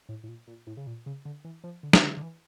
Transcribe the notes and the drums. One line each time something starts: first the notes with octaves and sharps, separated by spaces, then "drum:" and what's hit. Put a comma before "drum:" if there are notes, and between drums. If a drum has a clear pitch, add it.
A2
A2
A#2
A#2
A2
C#3
A#2
C#3
D3
E3
F3
D3
drum: snare
D3
D3
E3